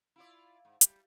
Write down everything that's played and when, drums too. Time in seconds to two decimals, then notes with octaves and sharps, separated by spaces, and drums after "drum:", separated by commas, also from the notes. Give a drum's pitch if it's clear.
0.16 E4 F4 D5
0.65 G#2
0.81 G3, drum: hi-hat